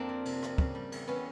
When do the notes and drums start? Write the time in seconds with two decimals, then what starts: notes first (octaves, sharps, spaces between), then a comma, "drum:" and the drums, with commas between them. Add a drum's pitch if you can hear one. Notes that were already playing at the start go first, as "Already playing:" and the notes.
Already playing: F2 A#3 C4 D4
0.09 F3
0.25 C3, drum: cymbal
0.43 F2, drum: rim click
0.58 C#3, drum: kick
0.75 G3
0.92 E2, drum: cymbal
1.08 E3 B3 C#4